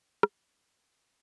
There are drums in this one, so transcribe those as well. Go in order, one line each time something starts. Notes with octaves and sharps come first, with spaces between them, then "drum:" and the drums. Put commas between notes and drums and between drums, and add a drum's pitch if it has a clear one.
E3 A#3 D4, drum: rim click
G#3